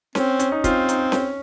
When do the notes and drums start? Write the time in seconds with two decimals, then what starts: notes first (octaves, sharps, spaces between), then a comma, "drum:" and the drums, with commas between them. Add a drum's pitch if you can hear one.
0.15 C4 C#4, drum: snare C#4
0.39 C#4, drum: hi-hat
0.52 D#4
0.64 C4 F4, drum: kick, hi-hat
0.88 D#4, drum: hi-hat
1.12 C#4, drum: snare C#4